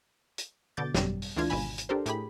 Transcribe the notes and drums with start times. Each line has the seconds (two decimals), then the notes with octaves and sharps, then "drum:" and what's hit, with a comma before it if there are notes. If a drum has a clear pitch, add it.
0.38 drum: hi-hat
0.77 B2 D3 D6 G6 A6
0.95 G#1 F#2 B2 G3, drum: snare
1.22 drum: open hi-hat
1.36 D2 E3 D4 F4 G#6
1.50 G#1 G#2 B2 G#5 B5, drum: open hi-hat
1.78 drum: hi-hat
1.89 D4 G4 A4 A#4 C5
2.06 A2 G4 G#4 B5, drum: hi-hat